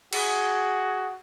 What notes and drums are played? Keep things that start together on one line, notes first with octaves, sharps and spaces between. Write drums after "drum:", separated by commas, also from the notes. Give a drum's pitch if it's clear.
F#4 G#4, drum: cymbal